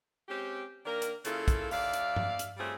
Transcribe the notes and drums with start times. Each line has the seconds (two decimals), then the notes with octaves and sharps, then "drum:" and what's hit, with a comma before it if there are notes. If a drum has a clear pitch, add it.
0.28 G#3 C4 C#4 G4
0.85 D#3 A#3 D4 A#4
1.02 drum: hi-hat
1.25 C#3 A#3 E4 F4 A4, drum: hi-hat
1.48 drum: kick, hi-hat
1.71 D#2 D5 E5 F5, drum: open hi-hat
1.93 drum: hi-hat
2.16 drum: tom G2
2.39 drum: hi-hat
2.57 G3 A3 C4 C#4 F4 G#4